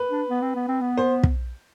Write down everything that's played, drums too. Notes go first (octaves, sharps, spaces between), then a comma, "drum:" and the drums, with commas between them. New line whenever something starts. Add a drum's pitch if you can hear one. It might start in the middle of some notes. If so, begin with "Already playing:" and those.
Already playing: B4
D4
B3
C4
B3
C4
B3
C5
drum: kick